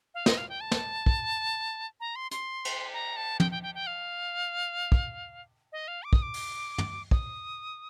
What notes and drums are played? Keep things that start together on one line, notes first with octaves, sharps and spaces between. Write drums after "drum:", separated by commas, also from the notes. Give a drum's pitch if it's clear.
F5
D#5, drum: snare
F5
G5
A5
drum: snare
drum: kick
A#5
C6
C6, drum: hi-hat
drum: cymbal
A#5
A5
G5, drum: tom
G5
G5
G5
F5
drum: kick
D#5
F5
D6
D#6, drum: kick
D6
drum: open hi-hat
drum: tom
D#6, drum: kick